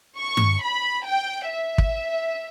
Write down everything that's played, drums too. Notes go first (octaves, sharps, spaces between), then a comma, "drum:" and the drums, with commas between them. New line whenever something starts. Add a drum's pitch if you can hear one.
C#6
drum: tom G2
B5
G5
E5
drum: kick